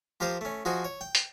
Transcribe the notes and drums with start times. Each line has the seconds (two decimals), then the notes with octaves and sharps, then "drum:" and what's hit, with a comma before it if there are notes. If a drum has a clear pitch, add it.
0.20 F3 G4 A#4 C5 F5 D#6
0.41 A3 C#4
0.65 F3 F#4 G#4 D#5
0.84 C#5
1.01 G5
1.15 drum: hi-hat